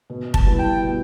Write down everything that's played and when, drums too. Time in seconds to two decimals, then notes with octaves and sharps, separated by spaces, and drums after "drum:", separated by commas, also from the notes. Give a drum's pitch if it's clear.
0.10 B2
0.34 A5, drum: kick
0.46 G3 B3 E4
0.59 G5
0.83 B2